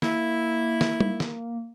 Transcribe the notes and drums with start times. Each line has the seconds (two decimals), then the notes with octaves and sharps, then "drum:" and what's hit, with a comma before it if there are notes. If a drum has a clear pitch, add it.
0.02 A#3 E4, drum: snare
0.81 drum: snare
1.00 drum: tom
1.20 drum: snare